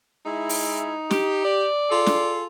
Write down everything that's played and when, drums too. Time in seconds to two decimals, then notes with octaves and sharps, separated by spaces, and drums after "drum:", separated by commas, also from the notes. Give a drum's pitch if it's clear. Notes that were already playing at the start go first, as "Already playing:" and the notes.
0.25 G#3 D#4 E4
0.49 drum: open hi-hat
1.11 G4, drum: snare
1.45 D5
1.90 F4 G#4 A4
2.06 drum: snare